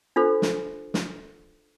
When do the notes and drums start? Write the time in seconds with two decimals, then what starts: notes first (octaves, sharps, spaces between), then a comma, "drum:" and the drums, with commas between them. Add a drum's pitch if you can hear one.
0.16 D4 F4 A4 C5
0.42 drum: snare
0.94 drum: snare